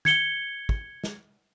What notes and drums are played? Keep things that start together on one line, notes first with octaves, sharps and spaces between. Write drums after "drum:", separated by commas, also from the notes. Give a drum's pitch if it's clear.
G#6 C#7 G7, drum: tom D#3
drum: kick
drum: snare